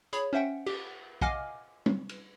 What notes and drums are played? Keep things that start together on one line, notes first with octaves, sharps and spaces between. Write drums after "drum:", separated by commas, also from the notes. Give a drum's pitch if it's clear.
G#4 C#5 B5, drum: hi-hat
C#4 C5 E5 F#5 G5
G4, drum: cymbal
D#5 F5 F#5 G#5 D6 F6, drum: kick
drum: tom
drum: cymbal